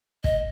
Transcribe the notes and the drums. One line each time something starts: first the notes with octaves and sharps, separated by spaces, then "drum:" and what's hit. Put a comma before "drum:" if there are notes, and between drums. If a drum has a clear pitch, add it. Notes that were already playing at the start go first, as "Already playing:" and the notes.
D#5, drum: kick